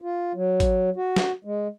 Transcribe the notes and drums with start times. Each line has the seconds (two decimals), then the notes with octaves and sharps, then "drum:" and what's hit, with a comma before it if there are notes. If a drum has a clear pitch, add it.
0.02 F4
0.35 F#3
0.60 drum: kick, hi-hat
0.96 F#4
1.16 drum: snare
1.45 G#3